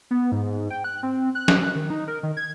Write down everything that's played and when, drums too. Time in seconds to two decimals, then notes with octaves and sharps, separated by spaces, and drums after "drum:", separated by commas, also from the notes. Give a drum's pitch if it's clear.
0.11 B3
0.32 G#2
0.70 G5
0.84 F#6
1.03 C4
1.35 F#6
1.48 drum: snare
1.75 D#3
1.90 D#4
2.08 A#4
2.23 D#3
2.37 G#6